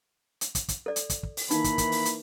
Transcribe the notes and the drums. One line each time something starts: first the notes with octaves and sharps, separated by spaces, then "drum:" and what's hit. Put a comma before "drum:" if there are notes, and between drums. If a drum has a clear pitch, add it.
drum: hi-hat
drum: kick, hi-hat
drum: kick, hi-hat
A4 D5
drum: hi-hat
drum: kick, hi-hat
drum: kick
drum: open hi-hat
D#3 E3 A#3 D#4 B5, drum: hi-hat
drum: kick, hi-hat
drum: kick, hi-hat
drum: open hi-hat
drum: hi-hat